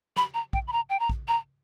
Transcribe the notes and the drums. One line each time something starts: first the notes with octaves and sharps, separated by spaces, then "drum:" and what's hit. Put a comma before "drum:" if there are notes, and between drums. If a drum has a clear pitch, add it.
B5, drum: snare
A#5
G5, drum: kick
B5
A#5
G5
A#5
drum: kick
A#5